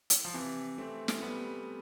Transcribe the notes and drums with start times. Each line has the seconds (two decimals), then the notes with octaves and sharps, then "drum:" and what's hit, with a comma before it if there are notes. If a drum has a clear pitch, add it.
0.10 drum: hi-hat
0.25 F3
0.34 C3 E3
0.78 A3 C4
1.08 drum: snare
1.22 G3 B3